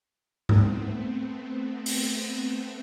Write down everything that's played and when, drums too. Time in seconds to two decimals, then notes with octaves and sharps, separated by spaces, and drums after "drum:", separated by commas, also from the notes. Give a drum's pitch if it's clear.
0.49 A3 B3 C4, drum: tom G#2
1.86 drum: open hi-hat